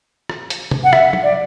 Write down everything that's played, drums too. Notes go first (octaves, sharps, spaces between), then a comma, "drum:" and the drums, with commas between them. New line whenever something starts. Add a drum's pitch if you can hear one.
drum: rim click
drum: hi-hat
drum: tom
F#5
E5, drum: rim click
drum: tom
D5